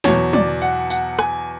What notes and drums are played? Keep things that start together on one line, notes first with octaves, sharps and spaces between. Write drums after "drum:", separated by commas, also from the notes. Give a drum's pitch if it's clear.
E2 B2 F#3 C#5, drum: snare
D5, drum: tom
F#5
F#5, drum: tambourine
G#5, drum: rim click